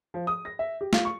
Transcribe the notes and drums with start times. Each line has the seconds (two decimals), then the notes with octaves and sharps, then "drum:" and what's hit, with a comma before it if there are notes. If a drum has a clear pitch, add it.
0.14 F3
0.27 D#6
0.45 A#6
0.59 E5
0.81 G4
0.93 F4, drum: snare
1.05 C#6